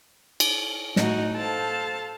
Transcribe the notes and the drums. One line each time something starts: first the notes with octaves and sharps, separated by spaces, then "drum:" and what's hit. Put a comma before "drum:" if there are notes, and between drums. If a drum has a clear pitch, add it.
drum: cymbal
A2 D#4 F#4, drum: snare
A4 C5 F5 A5